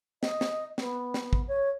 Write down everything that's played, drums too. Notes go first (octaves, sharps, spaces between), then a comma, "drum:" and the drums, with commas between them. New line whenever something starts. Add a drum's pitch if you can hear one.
D#5, drum: snare
drum: snare
B3, drum: snare
drum: snare
drum: kick
C#5